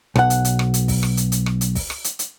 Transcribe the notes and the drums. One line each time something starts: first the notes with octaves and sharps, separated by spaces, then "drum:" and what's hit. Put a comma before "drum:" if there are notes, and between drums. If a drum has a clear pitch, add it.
B1 F#5, drum: rim click
drum: hi-hat
drum: hi-hat
drum: rim click
drum: hi-hat
drum: kick, open hi-hat
drum: rim click
drum: hi-hat
drum: hi-hat
drum: rim click
drum: hi-hat
drum: kick, open hi-hat
drum: rim click
drum: hi-hat
drum: hi-hat